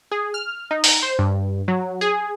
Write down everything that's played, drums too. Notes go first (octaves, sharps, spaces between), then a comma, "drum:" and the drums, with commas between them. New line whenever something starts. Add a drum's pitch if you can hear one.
G#4
F6
D#4
drum: open hi-hat
C5
G2
F#3
G#4